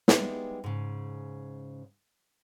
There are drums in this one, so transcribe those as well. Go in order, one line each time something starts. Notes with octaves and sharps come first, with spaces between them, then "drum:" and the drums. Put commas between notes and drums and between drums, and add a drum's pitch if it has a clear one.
G3 G#3 B3 D#4 E4, drum: snare
G#2 C#3